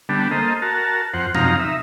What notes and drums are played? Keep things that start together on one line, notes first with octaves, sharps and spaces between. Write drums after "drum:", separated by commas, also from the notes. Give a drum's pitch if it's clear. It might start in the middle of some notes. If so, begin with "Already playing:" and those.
D3 G3 B3 D4
A#3 A4 C5 D#5
F#4 A#4 A5
F2 C5 F#5
F#2 C3 F3 D#4 F5 A#5, drum: tom B2
D#4 E5